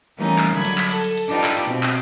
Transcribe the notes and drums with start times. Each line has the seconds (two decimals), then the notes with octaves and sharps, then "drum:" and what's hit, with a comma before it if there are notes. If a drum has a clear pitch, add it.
0.17 E3 G3 A3 A#3 C#4 D#4
0.39 drum: clap
0.54 D3 F#3 G3 B5 G#6, drum: hi-hat
0.65 drum: hi-hat
0.78 drum: clap
0.91 A4, drum: hi-hat
1.04 drum: hi-hat
1.17 drum: hi-hat
1.27 D4 D#4 F4 G4 B4
1.44 drum: clap
1.57 drum: hi-hat
1.66 B2 C4
1.83 drum: clap